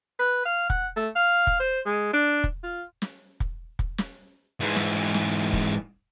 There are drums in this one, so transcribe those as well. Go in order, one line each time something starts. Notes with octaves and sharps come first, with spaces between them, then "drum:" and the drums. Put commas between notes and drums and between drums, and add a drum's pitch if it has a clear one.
B4
F5
F#5, drum: kick
A3
F5
drum: kick
C5
G#3
D4
drum: kick
F4
drum: snare
drum: kick
drum: kick
drum: snare
G#2 E3
drum: snare
drum: snare
drum: kick